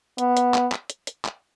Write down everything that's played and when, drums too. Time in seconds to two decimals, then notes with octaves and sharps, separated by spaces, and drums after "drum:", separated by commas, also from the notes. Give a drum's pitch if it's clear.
0.18 B3, drum: hi-hat
0.37 drum: hi-hat
0.54 drum: clap
0.72 drum: clap
0.90 drum: hi-hat
1.07 drum: hi-hat
1.25 drum: clap